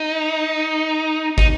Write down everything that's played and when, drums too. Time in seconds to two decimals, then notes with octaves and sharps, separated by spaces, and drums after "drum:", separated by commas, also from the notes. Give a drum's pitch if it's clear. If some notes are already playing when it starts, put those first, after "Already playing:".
Already playing: D#4
1.38 D#4, drum: kick